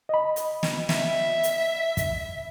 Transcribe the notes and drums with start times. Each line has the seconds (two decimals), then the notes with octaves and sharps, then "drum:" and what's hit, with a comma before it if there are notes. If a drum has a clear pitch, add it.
0.09 D#5 B5
0.36 drum: hi-hat
0.63 drum: snare
0.89 E5, drum: snare
1.43 drum: hi-hat
1.97 drum: kick, hi-hat